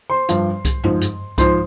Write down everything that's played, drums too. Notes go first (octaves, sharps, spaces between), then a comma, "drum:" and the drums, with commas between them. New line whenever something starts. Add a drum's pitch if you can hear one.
C5 C6
G2 F3, drum: hi-hat
drum: kick C2, hi-hat
G#2 F3, drum: tom F#2
drum: hi-hat
G#2 F3 C5 C6, drum: kick C2, hi-hat